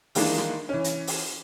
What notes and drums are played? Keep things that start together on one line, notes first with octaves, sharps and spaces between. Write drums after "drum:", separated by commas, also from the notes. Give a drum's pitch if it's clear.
D#3 E3 G#3 A#3 D4 D#4, drum: open hi-hat
drum: rim click
E3 C#4
drum: hi-hat
drum: open hi-hat